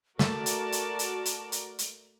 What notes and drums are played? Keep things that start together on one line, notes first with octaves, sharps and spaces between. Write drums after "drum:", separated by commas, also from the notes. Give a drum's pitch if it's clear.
A3 F#4 A#4 D5 A5, drum: snare
drum: hi-hat
drum: hi-hat
drum: hi-hat
drum: hi-hat
drum: hi-hat
drum: hi-hat